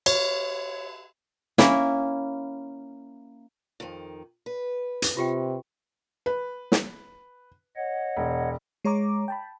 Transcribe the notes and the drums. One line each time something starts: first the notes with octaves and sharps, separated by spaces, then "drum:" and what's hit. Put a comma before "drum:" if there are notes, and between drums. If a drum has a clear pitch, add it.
C#5, drum: cymbal
A#3 C#4 E4, drum: snare
F2 D#3
B4
drum: hi-hat
C3 F4 G4 G5
B4
drum: snare
C#5 D#5 F#5
E1
G#3 C#5 A#5 D6
G5 A5 B5